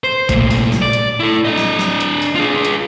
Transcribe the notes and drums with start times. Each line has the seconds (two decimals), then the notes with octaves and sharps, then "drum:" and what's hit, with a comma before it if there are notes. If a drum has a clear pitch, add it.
0.04 C5
0.29 A#2 A3, drum: kick A1, hi-hat
0.51 drum: open hi-hat
0.72 drum: snare
0.82 D5
0.93 drum: hi-hat
1.20 E4 A4
1.45 D4 D#5
1.58 drum: snare
1.79 drum: snare
2.00 drum: hi-hat
2.22 drum: open hi-hat
2.35 F4 G#4
2.65 drum: hi-hat